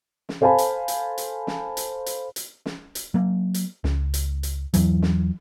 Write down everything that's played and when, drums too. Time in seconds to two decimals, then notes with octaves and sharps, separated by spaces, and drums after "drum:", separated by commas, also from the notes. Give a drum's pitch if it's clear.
0.29 drum: snare
0.41 A4 C5 F5 G#5 A5 B5
0.58 drum: hi-hat
0.88 drum: hi-hat
1.18 drum: hi-hat
1.47 drum: snare
1.77 drum: hi-hat
2.06 drum: hi-hat
2.36 drum: hi-hat
2.66 drum: snare
2.95 drum: hi-hat
3.14 F#3 A#3
3.54 drum: hi-hat
3.84 C#2, drum: snare
4.14 drum: hi-hat
4.43 drum: hi-hat
4.74 E2 E3 F#3, drum: hi-hat
5.02 drum: snare